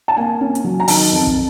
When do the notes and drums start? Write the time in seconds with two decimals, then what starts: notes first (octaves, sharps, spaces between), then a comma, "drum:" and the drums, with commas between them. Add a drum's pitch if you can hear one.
0.08 A5
0.17 A#3 G#5
0.41 C#4
0.55 drum: hi-hat
0.64 F#3
0.80 A#5
0.88 D#3 A5, drum: open hi-hat
1.12 F2
1.27 drum: kick